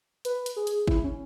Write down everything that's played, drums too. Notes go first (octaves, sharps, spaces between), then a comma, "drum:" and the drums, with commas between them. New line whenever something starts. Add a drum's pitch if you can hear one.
B4, drum: hi-hat
drum: hi-hat
G#4
drum: hi-hat
E4, drum: kick
C#4